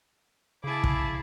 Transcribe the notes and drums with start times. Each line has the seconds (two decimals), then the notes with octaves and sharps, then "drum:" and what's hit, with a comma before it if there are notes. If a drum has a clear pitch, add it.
0.64 C#3 E4 G#4 A5 D6
0.84 drum: kick